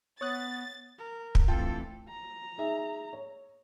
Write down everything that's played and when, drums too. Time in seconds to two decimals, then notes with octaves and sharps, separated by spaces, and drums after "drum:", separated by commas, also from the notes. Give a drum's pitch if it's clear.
0.21 B3 C#5 D#6 F#6 A6
0.98 A#4
1.35 drum: kick
1.48 D2 E3 C4 F4 A4 G5 A5
2.09 A#5
2.58 D#4 G#4 E5
3.13 C#5